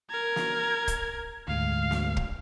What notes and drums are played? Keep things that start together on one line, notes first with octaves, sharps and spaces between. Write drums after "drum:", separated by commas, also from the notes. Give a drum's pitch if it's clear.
A#4 G#6
drum: snare
drum: kick, hi-hat
D2 G#2 F5
drum: snare
drum: kick